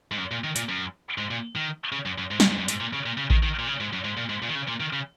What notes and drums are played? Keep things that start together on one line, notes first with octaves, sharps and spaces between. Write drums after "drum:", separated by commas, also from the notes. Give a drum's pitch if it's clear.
G#2
F#2
A#2
D#3
A#2, drum: hi-hat
F#2
G#2
A#2
D#3
C#3
F#2
F#2
G#2
A#2, drum: snare
G#2
F#2
G#2, drum: hi-hat
A#2
C#3
A#2
C#3
D#3, drum: kick A1
D#3
A#2
C#3
G#2
F#2
G#2
A#2
G#2
A#2
D#3
C#3
A#2
D#3
C#3